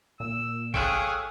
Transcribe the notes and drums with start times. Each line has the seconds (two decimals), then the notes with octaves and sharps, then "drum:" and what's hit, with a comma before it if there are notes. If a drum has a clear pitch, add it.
0.20 A#2 E6
0.74 G#4 A4 C#5 F5 G5 C#6 E6 F#6, drum: kick